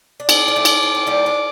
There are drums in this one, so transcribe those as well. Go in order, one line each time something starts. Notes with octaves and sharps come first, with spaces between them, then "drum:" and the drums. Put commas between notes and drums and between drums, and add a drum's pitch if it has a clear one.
D4
C4 D#4 D6, drum: cymbal
D4
A3 C4
drum: cymbal
A#3
C4
G3 A#3
D4